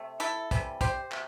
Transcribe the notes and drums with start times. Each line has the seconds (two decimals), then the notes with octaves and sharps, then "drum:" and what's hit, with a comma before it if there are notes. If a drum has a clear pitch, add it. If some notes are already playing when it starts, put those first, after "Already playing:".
Already playing: C3 A3
0.20 E4 A4, drum: hi-hat
0.51 C3 E3 G3, drum: kick, hi-hat
0.81 G4 C5, drum: kick, hi-hat
1.12 C3, drum: clap